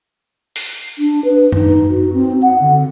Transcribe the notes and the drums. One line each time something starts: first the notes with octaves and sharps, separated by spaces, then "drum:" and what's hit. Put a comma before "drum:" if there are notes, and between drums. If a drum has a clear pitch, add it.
drum: open hi-hat
D4
B4
D#4, drum: tom F#2
F#4
C4
F#5
D3